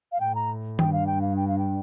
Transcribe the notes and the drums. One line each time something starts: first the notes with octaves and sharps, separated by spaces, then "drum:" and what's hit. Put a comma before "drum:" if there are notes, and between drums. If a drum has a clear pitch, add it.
F5
A2 G5
A#5
G2 G5, drum: tom D#3
F5
G5
F5
G5
F5
G5